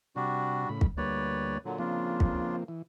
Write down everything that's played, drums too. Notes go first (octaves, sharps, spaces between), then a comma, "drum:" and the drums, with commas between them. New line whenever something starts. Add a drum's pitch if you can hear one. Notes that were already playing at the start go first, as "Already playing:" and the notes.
C3 G3 D4 F#4
A2 C#3 B5
drum: kick
D2 G3 A#3 B4 C#5 D5
A#2 D3 F#3
C#3 F3 A#3 C4 D4 F4
drum: kick
E3